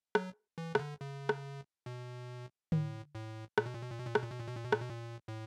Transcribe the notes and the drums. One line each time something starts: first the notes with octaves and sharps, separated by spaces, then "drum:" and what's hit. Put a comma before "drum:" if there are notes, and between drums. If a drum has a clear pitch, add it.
F#3, drum: rim click
E3
C#3, drum: rim click
D3
C#3
drum: rim click
B2
A2, drum: tom D3
A2
A#2, drum: rim click
B2
A#2
B2
A#2
B2
A#2
B2, drum: rim click
A#2
B2
A#2
B2
A#2
B2
A#2, drum: rim click
B2
A#2
A2